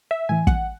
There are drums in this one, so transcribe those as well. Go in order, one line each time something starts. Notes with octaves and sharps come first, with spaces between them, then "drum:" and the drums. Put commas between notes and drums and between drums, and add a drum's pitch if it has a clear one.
E5
A2 E3 G#5
F#5, drum: kick